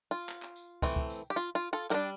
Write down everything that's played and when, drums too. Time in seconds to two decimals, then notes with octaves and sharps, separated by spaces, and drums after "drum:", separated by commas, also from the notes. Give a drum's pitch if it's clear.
0.11 F4
0.29 drum: clap
0.42 drum: clap
0.56 drum: tambourine
0.82 E3 A3 C4, drum: kick, tambourine
0.96 drum: kick
1.10 drum: tambourine
1.30 G4
1.36 F4
1.55 F4
1.73 F4 A4
1.90 G3 D4 G4 A#4, drum: clap